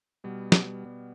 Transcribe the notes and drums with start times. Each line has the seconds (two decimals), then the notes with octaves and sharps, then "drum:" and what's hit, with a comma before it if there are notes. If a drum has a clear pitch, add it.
0.24 B2 G3 B3
0.52 drum: snare
0.85 B2 G3 B3